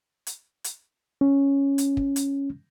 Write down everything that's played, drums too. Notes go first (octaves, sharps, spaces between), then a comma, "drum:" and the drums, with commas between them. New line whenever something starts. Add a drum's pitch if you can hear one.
drum: hi-hat
drum: hi-hat
C#4
drum: hi-hat
drum: kick
drum: hi-hat